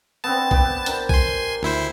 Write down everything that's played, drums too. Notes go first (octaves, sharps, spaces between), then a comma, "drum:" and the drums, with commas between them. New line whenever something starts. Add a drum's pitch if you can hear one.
B3 C4 D4 A5
B3 G4, drum: kick
D4 A#4 C5, drum: hi-hat
G#5 C6, drum: kick
D2 E4 C5